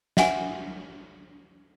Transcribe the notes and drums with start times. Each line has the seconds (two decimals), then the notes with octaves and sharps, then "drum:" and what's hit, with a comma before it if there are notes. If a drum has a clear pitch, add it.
0.17 E5 F#5 G#5, drum: snare